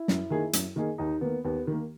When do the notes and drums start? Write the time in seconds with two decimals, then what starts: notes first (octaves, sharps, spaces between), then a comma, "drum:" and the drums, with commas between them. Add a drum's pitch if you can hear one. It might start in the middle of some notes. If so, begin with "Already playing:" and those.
Already playing: E4
0.08 F#2, drum: snare
0.30 D#3 A#3 D#4 G#4
0.53 F#2, drum: hi-hat
0.76 D#3 A#3 D#4 G#4
0.98 D#2 D#4
1.21 D#3 A#3 B3
1.44 D#2 B3
1.67 D#3 A#3